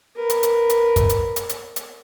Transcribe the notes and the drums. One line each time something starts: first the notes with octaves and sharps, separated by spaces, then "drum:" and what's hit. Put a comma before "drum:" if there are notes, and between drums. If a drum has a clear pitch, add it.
A#4 B4
drum: hi-hat
drum: hi-hat
drum: hi-hat
drum: kick, hi-hat
drum: hi-hat
drum: hi-hat
drum: hi-hat
drum: hi-hat